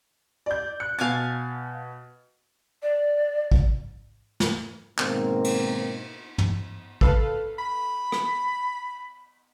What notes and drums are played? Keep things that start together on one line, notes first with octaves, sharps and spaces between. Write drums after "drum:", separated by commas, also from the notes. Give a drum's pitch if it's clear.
D5 G6
F#6 C#7
B2 F5 G#5 A5 A6
D5
drum: kick
drum: snare
G#2 B2 D#3 A#3 C4, drum: clap
drum: cymbal
drum: tom
A4 B4 F5, drum: kick
B5
drum: rim click